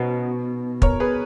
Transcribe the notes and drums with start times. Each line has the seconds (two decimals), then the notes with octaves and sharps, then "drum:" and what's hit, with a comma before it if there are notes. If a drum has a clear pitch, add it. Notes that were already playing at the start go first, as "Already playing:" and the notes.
Already playing: B2 C#4 D#4 F#4
0.82 A#4 C#5, drum: kick
1.00 G#4 B4